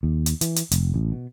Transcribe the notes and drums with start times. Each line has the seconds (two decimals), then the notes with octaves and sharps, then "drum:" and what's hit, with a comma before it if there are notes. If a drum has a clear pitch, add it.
0.03 D#2
0.26 drum: hi-hat
0.41 E3, drum: hi-hat
0.56 drum: hi-hat
0.71 F1, drum: hi-hat
0.94 A1
1.12 B2